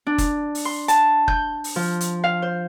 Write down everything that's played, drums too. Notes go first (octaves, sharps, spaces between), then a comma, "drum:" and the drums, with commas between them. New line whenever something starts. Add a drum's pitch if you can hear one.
D4
drum: kick, hi-hat
drum: open hi-hat
C6
A5, drum: hi-hat
G6, drum: kick
drum: open hi-hat
F3
drum: hi-hat
F5
C5